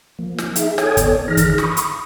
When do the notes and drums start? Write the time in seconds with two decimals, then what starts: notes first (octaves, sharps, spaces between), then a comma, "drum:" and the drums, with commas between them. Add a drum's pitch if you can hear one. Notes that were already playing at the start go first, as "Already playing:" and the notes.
0.19 F3 A#3
0.38 drum: snare
0.56 D#4 G#4 E5, drum: hi-hat
0.78 A4 C#5 G5 G#5 D#6 G#6, drum: snare
0.97 B3 A4 C#5 D5, drum: kick, hi-hat
1.28 D#3 E3 D#4 G#4 F6 A#6
1.37 drum: kick, hi-hat
1.58 B5 C#6 D#6, drum: snare
1.77 drum: hi-hat